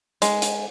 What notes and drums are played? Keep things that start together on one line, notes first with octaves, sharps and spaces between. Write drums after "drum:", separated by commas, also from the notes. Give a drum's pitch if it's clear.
G#3, drum: hi-hat
drum: hi-hat